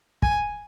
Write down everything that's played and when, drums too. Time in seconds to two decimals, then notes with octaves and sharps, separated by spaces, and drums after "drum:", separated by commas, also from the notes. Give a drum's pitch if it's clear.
0.22 G#5, drum: kick